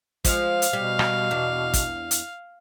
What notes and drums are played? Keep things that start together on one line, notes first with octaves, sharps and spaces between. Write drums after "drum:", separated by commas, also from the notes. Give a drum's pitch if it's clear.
F3 G#3 F5, drum: kick, hi-hat
drum: hi-hat
B2 G3
drum: rim click
E2 D4
drum: kick, hi-hat
drum: hi-hat